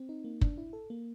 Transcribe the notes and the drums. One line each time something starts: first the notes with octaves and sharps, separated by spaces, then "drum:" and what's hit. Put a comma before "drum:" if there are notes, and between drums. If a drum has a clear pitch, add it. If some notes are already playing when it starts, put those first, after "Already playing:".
Already playing: C4
D#4
A#3
D4, drum: kick
E4
A4
A#3